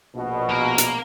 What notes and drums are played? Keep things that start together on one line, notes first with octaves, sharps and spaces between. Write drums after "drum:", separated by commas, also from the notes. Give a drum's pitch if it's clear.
A#1 B2
A#3 A#4
drum: hi-hat